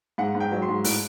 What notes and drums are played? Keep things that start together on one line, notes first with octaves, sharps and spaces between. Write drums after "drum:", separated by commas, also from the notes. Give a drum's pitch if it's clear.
G#2 F#5
G#2
G5
F#3
C6
G#2
A2 F#6, drum: open hi-hat